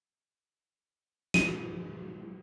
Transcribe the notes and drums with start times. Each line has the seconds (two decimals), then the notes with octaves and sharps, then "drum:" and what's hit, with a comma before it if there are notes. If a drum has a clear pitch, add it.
1.34 D#7, drum: snare